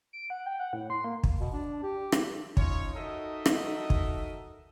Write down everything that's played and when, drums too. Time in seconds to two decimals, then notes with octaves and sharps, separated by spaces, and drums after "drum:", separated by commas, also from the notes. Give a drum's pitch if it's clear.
0.13 D7
0.30 F#5
0.46 G5
0.60 F#5
0.73 A2
0.90 C6
1.04 A#3
1.23 drum: kick
1.41 B2
1.53 D4
1.83 G4
2.12 drum: rim click
2.57 C#4 D#4 F4 C#5, drum: kick
2.95 D#4 F#4 A4 A#4 D#5 E5
3.46 drum: rim click
3.90 drum: kick